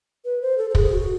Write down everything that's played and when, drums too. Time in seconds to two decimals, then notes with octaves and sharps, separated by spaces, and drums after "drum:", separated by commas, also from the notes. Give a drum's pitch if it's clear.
0.25 B4
0.42 C5
0.58 A4
0.70 A4
0.75 G#4, drum: kick
0.92 F#4